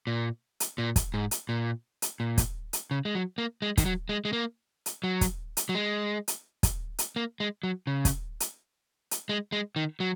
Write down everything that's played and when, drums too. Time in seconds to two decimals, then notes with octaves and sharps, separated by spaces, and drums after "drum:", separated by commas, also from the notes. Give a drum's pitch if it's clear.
0.07 A#2
0.60 drum: hi-hat
0.78 A#2
0.96 drum: kick, hi-hat
1.14 G#2
1.31 drum: hi-hat
1.49 A#2
2.02 drum: hi-hat
2.20 A#2
2.38 drum: kick, hi-hat
2.73 drum: hi-hat
2.91 C#3
3.05 G#3
3.15 F#3
3.38 A#3
3.62 G#3
3.77 D#3, drum: kick, hi-hat
3.85 F#3
4.09 G#3
4.25 G#3
4.33 A#3
4.86 drum: hi-hat
5.04 F#3
5.21 drum: kick, hi-hat
5.57 drum: hi-hat
5.69 F#3
5.75 G#3
6.28 drum: hi-hat
6.63 drum: kick, hi-hat
6.99 drum: hi-hat
7.16 A#3
7.40 G#3
7.63 F#3
7.87 C#3
8.05 drum: kick, hi-hat
8.40 drum: hi-hat
9.11 drum: hi-hat
9.29 G#3
9.52 G#3
9.76 D#3
10.00 F#3